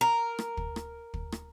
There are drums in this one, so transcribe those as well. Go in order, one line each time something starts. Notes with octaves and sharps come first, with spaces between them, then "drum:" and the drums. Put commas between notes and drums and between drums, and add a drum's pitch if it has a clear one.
A#4
drum: rim click
drum: kick
drum: rim click
drum: kick
drum: rim click